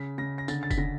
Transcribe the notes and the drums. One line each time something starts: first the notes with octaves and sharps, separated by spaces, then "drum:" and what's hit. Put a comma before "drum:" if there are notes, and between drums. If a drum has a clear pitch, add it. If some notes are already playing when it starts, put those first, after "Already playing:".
Already playing: C#3 B6
C#3 A#6
A#6
D3 A6, drum: tambourine
A6
B6, drum: kick F1, tambourine
D3 A#6